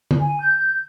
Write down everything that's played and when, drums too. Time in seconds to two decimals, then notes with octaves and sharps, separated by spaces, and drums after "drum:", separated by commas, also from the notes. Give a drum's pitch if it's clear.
0.11 drum: tom D3
0.20 G#5
0.40 G6